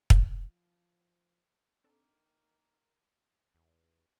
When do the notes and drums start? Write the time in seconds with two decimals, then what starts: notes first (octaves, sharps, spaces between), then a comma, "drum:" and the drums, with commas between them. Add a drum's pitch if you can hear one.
0.10 F3, drum: kick
1.84 D#3 A#3 C4 D4 A4 A#4
3.55 E2